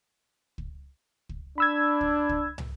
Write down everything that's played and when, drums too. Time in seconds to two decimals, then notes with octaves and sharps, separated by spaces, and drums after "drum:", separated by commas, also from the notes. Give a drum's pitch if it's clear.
0.58 drum: kick
1.29 drum: kick
1.58 D4 B5 E6 G#6
2.01 drum: kick
2.29 drum: kick
2.58 drum: tom